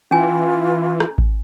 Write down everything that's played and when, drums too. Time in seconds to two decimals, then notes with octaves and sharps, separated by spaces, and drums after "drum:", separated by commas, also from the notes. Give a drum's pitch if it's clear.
0.11 E3 C#4 F4 G#5
1.00 drum: rim click
1.18 drum: kick G#1